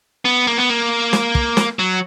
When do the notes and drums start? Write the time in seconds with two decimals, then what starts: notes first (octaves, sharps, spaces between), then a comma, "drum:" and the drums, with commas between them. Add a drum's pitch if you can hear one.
0.25 B3
0.47 A#3
0.58 B3
0.69 A#3
1.13 drum: snare
1.35 drum: kick
1.57 drum: snare
1.79 F#3